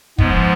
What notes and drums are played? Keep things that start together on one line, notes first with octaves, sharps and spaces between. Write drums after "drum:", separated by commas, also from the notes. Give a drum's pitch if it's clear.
G#2 F3 G#3 B3, drum: kick